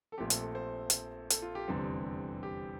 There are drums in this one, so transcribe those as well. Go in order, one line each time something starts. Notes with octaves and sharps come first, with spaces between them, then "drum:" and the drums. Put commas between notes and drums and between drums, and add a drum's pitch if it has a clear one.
A4
A#1 A#2 A3 C4 G4
A4, drum: hi-hat
A4
C5
drum: hi-hat
A4, drum: hi-hat
F4
G4
F1 E2 D3 G3 C4
G4